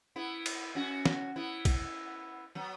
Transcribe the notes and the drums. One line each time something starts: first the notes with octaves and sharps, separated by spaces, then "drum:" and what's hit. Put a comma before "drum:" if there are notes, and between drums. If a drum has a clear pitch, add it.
B3 E4
drum: cymbal
C#4 F#4
drum: snare
B3 E4
drum: kick B1, cymbal
F#3 B3